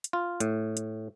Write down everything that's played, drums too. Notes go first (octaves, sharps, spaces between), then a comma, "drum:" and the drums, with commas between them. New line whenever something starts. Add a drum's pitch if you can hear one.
drum: hi-hat
F4
A2, drum: hi-hat
drum: hi-hat